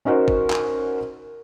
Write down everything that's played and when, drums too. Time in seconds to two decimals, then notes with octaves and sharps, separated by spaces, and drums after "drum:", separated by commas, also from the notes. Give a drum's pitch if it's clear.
0.05 C#4 D#4 F#4 A#4 C5
0.28 drum: kick
0.50 drum: clap